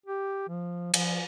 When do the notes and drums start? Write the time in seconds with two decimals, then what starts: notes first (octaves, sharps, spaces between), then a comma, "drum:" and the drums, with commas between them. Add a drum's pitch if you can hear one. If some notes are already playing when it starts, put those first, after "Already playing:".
0.06 G4
0.48 F3
0.94 F3, drum: cymbal